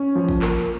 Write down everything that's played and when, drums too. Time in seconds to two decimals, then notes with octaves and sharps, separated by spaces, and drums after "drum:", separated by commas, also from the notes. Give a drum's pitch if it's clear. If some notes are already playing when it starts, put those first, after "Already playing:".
Already playing: C#4
0.15 F3
0.29 drum: kick
0.42 A#3, drum: clap